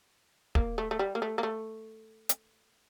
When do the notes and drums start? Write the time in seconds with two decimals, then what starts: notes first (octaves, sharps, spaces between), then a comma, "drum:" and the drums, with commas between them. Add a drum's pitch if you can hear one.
0.55 A#3, drum: kick
0.78 A3
0.91 A3
0.99 G3
1.15 A#3
1.22 A3
1.38 A#3
1.43 A3
2.29 drum: hi-hat